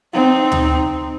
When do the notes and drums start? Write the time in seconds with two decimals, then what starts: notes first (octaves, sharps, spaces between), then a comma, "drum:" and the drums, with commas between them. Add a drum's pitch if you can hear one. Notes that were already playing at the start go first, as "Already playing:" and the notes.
0.14 C4 D#4
0.52 drum: tom D2